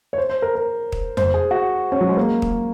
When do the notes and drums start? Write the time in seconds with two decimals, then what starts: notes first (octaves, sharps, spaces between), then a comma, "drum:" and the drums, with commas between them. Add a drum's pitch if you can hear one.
0.13 C#5
0.18 C5
0.30 C5
0.42 A#4
0.55 A#4
0.92 drum: kick
1.17 C5, drum: tom F2
1.34 G#4
1.51 F#4
1.92 C#4
2.01 F#3
2.09 G#3
2.17 A#3
2.42 drum: kick